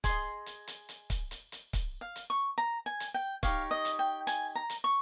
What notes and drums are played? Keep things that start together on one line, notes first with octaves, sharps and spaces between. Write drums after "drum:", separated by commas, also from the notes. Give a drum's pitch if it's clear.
G#4 D#5 C6, drum: kick C#1, hi-hat
drum: hi-hat
drum: hi-hat
drum: hi-hat
drum: kick C#1, hi-hat
drum: hi-hat
drum: hi-hat
drum: kick C#1, hi-hat
F5
drum: hi-hat
C#6
A#5
G#5
drum: hi-hat
G5
D#4 G4 C#5 F5, drum: kick C#1, hi-hat
D#5
drum: hi-hat
G5
G#5, drum: hi-hat
A#5
drum: hi-hat
C#6